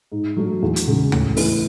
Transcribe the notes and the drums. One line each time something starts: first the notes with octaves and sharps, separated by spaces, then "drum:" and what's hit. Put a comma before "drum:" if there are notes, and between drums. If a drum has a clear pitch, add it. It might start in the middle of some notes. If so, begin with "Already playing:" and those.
G#2
F#3 A3 D4 F#4
E2
drum: hi-hat
C#3 G#3
A2, drum: tom D2
E3 B3, drum: open hi-hat